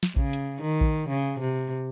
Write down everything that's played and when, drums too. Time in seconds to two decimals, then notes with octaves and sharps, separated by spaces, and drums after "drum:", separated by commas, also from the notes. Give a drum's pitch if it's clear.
0.03 drum: snare
0.16 C#3, drum: kick A#1
0.33 drum: hi-hat
0.62 D#3
0.81 drum: kick A#1
1.09 C#3
1.40 C3